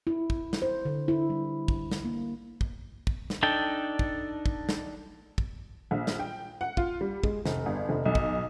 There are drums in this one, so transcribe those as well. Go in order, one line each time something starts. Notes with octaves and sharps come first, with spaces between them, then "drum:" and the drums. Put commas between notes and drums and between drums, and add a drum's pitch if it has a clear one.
E4
drum: kick
drum: snare
C5
D3
E4
G3
drum: kick
drum: snare
A#3
drum: kick
drum: kick
drum: snare
D4 D#4 A4 G5
drum: kick
drum: kick
drum: snare
drum: kick
A#1
drum: snare
G5
F#5
F4, drum: kick
G3
G#3, drum: kick
F1, drum: snare
G1
F1
B1
drum: kick